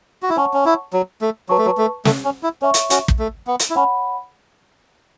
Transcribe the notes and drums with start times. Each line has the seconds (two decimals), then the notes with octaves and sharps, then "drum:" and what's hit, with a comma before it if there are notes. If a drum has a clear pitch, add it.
0.23 F#4
0.30 E4
0.37 C#4 C#5 F#5 A5 C#6
0.54 C#4
0.65 E4
0.93 F#3
1.21 A3
1.49 F#3 B4 A5 C#6
1.58 A3
1.66 F#3
1.78 A3
2.05 A3, drum: snare
2.25 C#4
2.43 E4
2.62 C#4 C#5 E5 C#6
2.74 drum: hi-hat
2.90 C#4 F#4, drum: hi-hat
3.08 drum: kick
3.19 A3
3.47 B3
3.59 drum: hi-hat
3.70 E4
3.75 C#4 C#5 F#5 B5